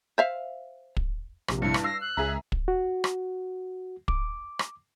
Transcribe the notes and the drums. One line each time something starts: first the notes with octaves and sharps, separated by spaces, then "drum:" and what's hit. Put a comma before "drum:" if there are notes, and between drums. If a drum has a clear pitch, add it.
C5 E5 F5
drum: kick
A#1 C3, drum: rim click
G2 E4 C#7
drum: rim click
E6 A#6 C7
F#6
C#2 G#4 E5 A#5
drum: kick
F#4
drum: rim click
D6, drum: kick
drum: rim click